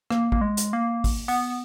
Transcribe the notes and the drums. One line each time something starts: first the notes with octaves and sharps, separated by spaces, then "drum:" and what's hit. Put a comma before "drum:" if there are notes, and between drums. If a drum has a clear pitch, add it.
A#3, drum: rim click
A#3, drum: kick
G#3
drum: hi-hat
A#3
drum: kick, open hi-hat
B3, drum: open hi-hat